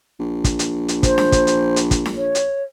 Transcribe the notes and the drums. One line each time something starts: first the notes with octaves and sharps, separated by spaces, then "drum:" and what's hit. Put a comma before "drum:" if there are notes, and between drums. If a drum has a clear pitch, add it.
A#1
drum: kick, hi-hat
drum: hi-hat
drum: hi-hat
C5, drum: kick, hi-hat
drum: snare D4
drum: kick, hi-hat
drum: hi-hat
drum: hi-hat
drum: kick, hi-hat
drum: snare D4
C#5
drum: hi-hat